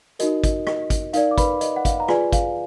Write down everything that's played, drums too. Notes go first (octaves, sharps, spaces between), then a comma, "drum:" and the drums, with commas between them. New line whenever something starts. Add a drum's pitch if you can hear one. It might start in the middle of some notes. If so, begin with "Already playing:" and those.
D#4 F#4 A#4 D#5, drum: hi-hat
D#5, drum: kick, hi-hat
D#5, drum: rim click
drum: kick, hi-hat
D#4 A#4 D5 F5, drum: hi-hat
D6
B4 B5, drum: kick, hi-hat
D#5, drum: hi-hat
F#5
F5, drum: kick, hi-hat
A#5
F4 G#4 B4 D5 G#5, drum: rim click
F5, drum: kick, hi-hat